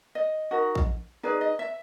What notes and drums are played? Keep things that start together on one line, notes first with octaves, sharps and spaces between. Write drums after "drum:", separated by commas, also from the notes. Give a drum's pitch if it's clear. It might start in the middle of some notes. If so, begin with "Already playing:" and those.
D#5
D#4 F#4 A#4
drum: kick A#1
D#4 G#4 B4 D5
D#5
E5